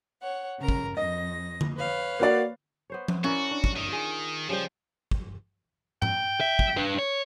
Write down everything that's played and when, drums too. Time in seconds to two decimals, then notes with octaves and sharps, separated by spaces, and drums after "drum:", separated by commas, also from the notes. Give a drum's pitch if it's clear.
0.22 C#5 F#5
0.59 C#3 A#4 A#5
0.68 drum: kick
0.97 F2 D#5 A#6
1.61 drum: tom D3
1.75 B4 C#5 F5
2.19 A#3 F#4 D5
2.90 B3 C5 C#5
3.08 drum: tom F3
3.24 C#4 E4 F#4 A#4 D5
3.51 D4
3.64 drum: kick
3.76 D#3 E5
3.89 F4 G#4
4.49 C#3 F3 G3 C5
5.11 drum: kick
6.02 G5, drum: tom G#2
6.41 E5
6.59 drum: kick
6.77 D4 B4
6.99 C#5